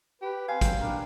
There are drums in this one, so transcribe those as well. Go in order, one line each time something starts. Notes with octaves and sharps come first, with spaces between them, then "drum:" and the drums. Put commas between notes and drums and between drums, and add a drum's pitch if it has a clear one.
G4 B4
C4 F5 G#5
F#3 G5, drum: kick, hi-hat
D4 A#4 B4